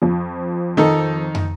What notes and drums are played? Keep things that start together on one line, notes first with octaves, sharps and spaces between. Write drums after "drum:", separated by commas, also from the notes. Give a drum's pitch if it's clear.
F2 F3
D#3 D#4 A4
drum: tom